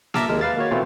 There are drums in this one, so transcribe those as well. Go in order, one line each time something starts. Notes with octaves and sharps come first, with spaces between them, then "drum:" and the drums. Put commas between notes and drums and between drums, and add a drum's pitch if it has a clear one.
E5 A5 A#5 D6 E6 F6, drum: snare A#3
D#2 G#3 A#4
B4 F5 A6
A#3 F#4 C#5
B2 E3 A3 C4 E4 F4